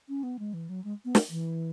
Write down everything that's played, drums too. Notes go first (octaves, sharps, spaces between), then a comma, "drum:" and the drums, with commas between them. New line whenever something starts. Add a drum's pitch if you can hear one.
C#4
B3
G#3
E3
F#3
G#3
B3
drum: snare
E3